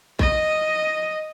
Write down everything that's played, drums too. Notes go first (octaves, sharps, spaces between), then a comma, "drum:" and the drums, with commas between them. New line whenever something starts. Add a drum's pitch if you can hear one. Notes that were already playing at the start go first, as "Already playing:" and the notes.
D#5, drum: kick